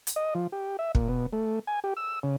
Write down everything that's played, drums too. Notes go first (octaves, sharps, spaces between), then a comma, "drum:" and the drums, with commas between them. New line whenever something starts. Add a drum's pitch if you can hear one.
drum: hi-hat
D#5
F3
G4
E5
A#2, drum: kick
B2
A3
G#5
G4
E6
C#3